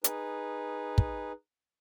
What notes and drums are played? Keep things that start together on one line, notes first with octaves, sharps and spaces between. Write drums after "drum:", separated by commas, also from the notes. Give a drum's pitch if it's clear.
D#4 G#4 B4, drum: hi-hat
drum: kick